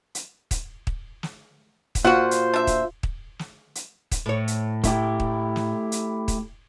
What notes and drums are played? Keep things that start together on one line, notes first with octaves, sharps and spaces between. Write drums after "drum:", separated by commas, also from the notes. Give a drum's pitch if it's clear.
drum: hi-hat
drum: kick, hi-hat
drum: kick
drum: snare
drum: kick, hi-hat
A#2 F4 F#4 C5 F#5
drum: hi-hat
D4 E5
drum: kick, hi-hat
drum: kick
drum: snare
drum: hi-hat
drum: kick, hi-hat
A2 C#5
drum: hi-hat
A3 E4 G4, drum: kick, hi-hat
drum: kick
drum: snare
drum: hi-hat
drum: kick, hi-hat